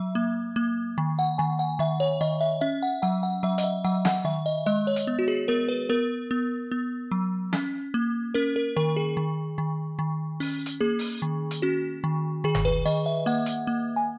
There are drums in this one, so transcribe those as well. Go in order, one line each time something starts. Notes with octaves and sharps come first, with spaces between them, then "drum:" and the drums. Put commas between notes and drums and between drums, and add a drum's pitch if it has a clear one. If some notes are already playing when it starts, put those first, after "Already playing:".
Already playing: F#3 E5
A#3
A#3
D#3
F#5
D#3 G#5
F#5
D#3 E5
C#5
D#3 D#5
E5
C#4 E5
F#5
F#3 F#5
F#5
F#3 E5
D#5, drum: hi-hat
E5
F#3 F#5
F#5, drum: snare
D#3 E5
D#5
G#3 D#5
C#5
drum: hi-hat
B3
F#4
G#4
B3 A#4
B4
B3 A#4
B3
B3
F#3
C#4, drum: snare
A#3
C#4 A#4
A#4
D#3 A#4
G#4
D#3
D#3
D#3
C#4, drum: open hi-hat
drum: hi-hat
A#3 G#4
drum: open hi-hat
D#3
drum: hi-hat
C#4 F#4
D#3
D#3 G#4
drum: tom F#1
B4
D#3 D#5
E5
A#3 F#5
drum: hi-hat
A#3
G#5